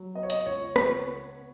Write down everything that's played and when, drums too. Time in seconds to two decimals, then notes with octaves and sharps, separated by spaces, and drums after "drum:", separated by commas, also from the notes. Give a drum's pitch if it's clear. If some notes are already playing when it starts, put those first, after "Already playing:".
Already playing: F#3
0.15 B3 D#5
0.23 C#5
0.30 D#5, drum: hi-hat
0.46 C#2 C#5
0.76 C#2, drum: rim click
1.07 B3
1.37 B3